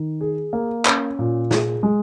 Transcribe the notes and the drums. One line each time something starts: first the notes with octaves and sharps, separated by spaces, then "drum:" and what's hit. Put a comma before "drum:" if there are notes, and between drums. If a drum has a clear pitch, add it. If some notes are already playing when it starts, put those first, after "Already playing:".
Already playing: D#3
G#4
A#3
C#4, drum: clap
A#2
G#4, drum: snare
G#3